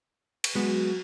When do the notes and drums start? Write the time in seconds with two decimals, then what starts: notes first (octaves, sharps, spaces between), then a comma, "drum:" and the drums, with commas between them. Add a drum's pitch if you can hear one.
0.44 drum: cymbal
0.55 F#3 G#3 B3 F#4